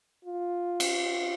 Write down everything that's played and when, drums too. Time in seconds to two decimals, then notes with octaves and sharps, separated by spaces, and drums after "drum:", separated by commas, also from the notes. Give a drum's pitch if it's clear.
0.25 F4
0.80 drum: cymbal